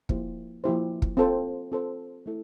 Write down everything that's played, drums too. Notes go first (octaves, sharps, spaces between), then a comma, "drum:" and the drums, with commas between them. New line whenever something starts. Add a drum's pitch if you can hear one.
F3 A#3 E4 G4 C5, drum: kick
F3 A#3 E4 G4 C5
drum: kick
C4 F4 A4 C5
C4 F4 A4 C5
A3 E4 A4